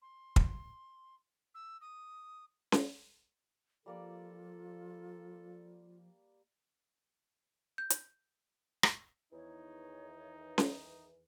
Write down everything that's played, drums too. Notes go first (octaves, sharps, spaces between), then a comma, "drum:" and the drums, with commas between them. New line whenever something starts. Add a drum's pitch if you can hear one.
C6
drum: kick
E6
D#6
drum: snare C#4
F3 G3 A#3 F4 A4 D5
G6
drum: hi-hat
drum: rim click
E2 D#3 E3 D#4 C#5
drum: snare C#4